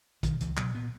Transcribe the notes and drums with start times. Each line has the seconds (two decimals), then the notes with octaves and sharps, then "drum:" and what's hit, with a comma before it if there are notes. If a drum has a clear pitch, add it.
0.23 B2 D#3, drum: kick A#1, hi-hat
0.40 C#2 E3, drum: hi-hat
0.57 B2 F#3, drum: clap
0.75 A#2 B3